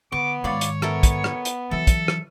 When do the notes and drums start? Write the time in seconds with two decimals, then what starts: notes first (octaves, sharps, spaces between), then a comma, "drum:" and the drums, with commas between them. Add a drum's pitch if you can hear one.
0.12 D3 B3 C#6 D6
0.44 G#2 D#3 F4 C#5 D5 B5
0.61 drum: hi-hat
0.82 B3 A4 A#4 E5, drum: rim click
1.03 drum: kick, hi-hat
1.24 drum: rim click
1.45 drum: hi-hat
1.71 E3 F#3 A4 E5
1.87 drum: kick, hi-hat
2.08 drum: rim click